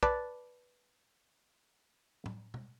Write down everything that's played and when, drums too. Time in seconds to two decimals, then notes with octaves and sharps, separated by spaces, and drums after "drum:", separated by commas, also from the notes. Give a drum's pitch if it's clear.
0.03 B4 D5 A5, drum: kick
2.26 drum: tom A2
2.54 drum: tom